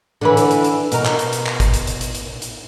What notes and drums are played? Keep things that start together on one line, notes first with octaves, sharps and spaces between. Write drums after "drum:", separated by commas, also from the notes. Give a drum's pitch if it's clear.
D3 E3 B4
drum: hi-hat
drum: hi-hat
drum: hi-hat
B2 A#4, drum: hi-hat
drum: clap
drum: hi-hat
drum: hi-hat
drum: clap
drum: kick G#1, hi-hat
drum: hi-hat
drum: hi-hat
drum: hi-hat
drum: hi-hat
drum: hi-hat